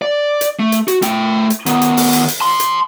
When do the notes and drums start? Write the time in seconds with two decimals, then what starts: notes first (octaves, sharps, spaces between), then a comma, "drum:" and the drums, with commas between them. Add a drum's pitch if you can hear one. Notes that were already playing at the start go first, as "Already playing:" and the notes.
0.02 D5
0.41 drum: hi-hat
0.60 A3
0.72 drum: hi-hat
0.88 F#4, drum: hi-hat
1.02 A3 G5, drum: hi-hat
1.50 drum: hi-hat
1.66 D#3 B3, drum: hi-hat
1.81 drum: hi-hat
1.97 drum: open hi-hat
2.13 drum: hi-hat
2.28 drum: hi-hat
2.41 A5 C6
2.60 drum: hi-hat